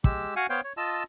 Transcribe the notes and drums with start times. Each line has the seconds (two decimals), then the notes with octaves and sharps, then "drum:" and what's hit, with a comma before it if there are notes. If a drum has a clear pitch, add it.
0.04 G#3 G4 E6, drum: kick
0.36 F#4 F5 F#5 G#5
0.50 B3 C5 C#5 F5 G5
0.64 C#5
0.77 F4 D#5 A5 E6